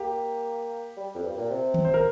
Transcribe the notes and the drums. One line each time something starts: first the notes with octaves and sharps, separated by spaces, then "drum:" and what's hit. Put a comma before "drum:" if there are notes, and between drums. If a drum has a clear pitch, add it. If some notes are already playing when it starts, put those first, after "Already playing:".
Already playing: A#3 G4
G3
F2
G2
A#2
C3
drum: tom D#3
C5
A#4